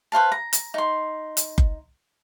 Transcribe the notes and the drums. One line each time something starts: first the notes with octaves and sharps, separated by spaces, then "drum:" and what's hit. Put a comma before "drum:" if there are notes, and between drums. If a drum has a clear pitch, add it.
B4 C5 F5 A5
A#5
drum: hi-hat
D#4 C6
drum: hi-hat
drum: kick F#1